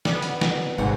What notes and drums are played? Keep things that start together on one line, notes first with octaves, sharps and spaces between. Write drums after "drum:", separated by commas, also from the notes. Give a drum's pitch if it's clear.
B3 D5, drum: snare
drum: hi-hat
drum: snare
G#1 G#2 C3 B3 C5 F#5